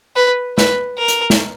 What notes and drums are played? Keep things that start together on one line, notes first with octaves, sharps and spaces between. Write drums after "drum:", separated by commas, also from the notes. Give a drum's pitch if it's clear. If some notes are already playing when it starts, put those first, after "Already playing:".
B4
B4, drum: snare
A#4
drum: hi-hat
drum: snare